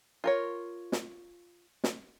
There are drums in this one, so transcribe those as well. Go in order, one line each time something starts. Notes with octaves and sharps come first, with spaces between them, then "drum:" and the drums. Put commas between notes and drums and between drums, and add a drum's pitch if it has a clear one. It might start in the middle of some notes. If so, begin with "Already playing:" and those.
F4 A#4 C#5
drum: snare
drum: snare